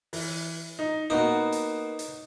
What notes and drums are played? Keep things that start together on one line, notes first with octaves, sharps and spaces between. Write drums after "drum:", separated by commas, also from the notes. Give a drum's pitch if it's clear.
E3, drum: open hi-hat
D#4
A#3 B3 D#4 F#4
drum: hi-hat
drum: hi-hat